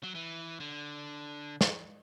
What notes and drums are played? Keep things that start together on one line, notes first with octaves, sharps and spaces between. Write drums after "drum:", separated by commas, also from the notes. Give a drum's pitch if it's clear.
F#3
E3
D3
drum: snare